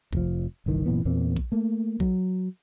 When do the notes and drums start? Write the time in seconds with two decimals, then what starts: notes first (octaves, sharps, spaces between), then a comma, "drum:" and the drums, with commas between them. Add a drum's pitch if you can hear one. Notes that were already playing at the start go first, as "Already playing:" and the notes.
0.13 F1 F3, drum: kick A#1
0.66 G1 C2 D#3 E3
0.86 F#1 A#2 E3 B3
1.05 E2 A#2 A#3 C4
1.36 drum: kick A#1
1.52 A3 A#3
2.00 F#3, drum: kick A#1